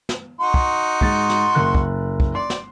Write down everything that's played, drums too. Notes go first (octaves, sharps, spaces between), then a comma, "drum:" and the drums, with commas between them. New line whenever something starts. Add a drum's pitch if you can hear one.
drum: snare
D#4 F#4 C6
drum: kick
G#2 A6, drum: kick
drum: snare
F#1 A#4 F#6
drum: kick
drum: kick
D5 C6
drum: snare